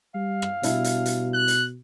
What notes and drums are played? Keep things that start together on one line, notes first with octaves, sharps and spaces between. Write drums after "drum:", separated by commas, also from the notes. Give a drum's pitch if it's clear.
G3 F5
drum: rim click
B2 G3 D4 E4, drum: hi-hat
drum: hi-hat
drum: hi-hat
F#6
drum: hi-hat